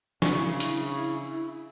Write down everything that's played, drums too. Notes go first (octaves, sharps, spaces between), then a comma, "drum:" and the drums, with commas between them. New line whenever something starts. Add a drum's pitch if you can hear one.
C#3 D4 E4 C#6, drum: snare
drum: hi-hat